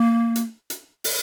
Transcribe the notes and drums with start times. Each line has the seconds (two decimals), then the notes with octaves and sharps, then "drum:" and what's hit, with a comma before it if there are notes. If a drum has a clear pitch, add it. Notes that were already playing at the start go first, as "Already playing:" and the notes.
Already playing: A#3
0.36 drum: hi-hat
0.70 drum: hi-hat
1.04 drum: open hi-hat